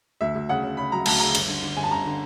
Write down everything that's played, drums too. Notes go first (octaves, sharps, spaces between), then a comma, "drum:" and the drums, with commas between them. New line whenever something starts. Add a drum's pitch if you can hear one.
D2 E5
D2
C#3 F#5
C#3
C#3 B5
F#3 A#5
D2 A5, drum: cymbal
C#3 A#5
G1, drum: cymbal
D3
D3
G1 G#5
A5
G1 A#5
D3